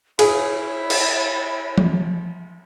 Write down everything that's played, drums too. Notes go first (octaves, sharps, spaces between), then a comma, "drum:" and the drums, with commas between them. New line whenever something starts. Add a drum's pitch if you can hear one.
E4 G#4 C#5, drum: cymbal
drum: cymbal
drum: tom F3